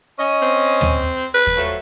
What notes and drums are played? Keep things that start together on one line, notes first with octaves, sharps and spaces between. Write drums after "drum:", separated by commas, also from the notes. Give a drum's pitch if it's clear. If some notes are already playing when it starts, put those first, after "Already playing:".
C#4 D#5
C4
drum: tom
B4
drum: kick
F3 F#3 A3